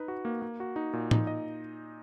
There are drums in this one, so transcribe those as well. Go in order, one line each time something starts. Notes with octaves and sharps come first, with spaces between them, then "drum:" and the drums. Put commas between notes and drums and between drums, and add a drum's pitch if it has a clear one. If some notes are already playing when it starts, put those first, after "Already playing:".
Already playing: D#4 B4
F#4
A#3
A#3
F#4
D#4
A#2
D#4, drum: tom A2
D#5